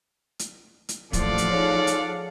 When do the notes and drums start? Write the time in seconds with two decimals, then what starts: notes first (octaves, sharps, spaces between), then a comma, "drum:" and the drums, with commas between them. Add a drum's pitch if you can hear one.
0.39 drum: hi-hat
0.89 drum: hi-hat
1.13 A1 D#2 A2 F3 A4 D5 F5 F#5, drum: kick, hi-hat
1.38 drum: hi-hat
1.51 D#4 G#4 C#5
1.87 drum: hi-hat